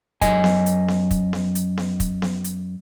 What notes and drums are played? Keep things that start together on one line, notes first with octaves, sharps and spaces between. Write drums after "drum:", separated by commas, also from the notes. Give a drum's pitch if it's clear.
F#2 D#5 G#5, drum: kick, hi-hat
drum: snare B3
drum: hi-hat
drum: snare B3
drum: kick, hi-hat
drum: snare B3
drum: hi-hat
drum: snare B3
drum: kick, hi-hat
drum: snare B3
drum: hi-hat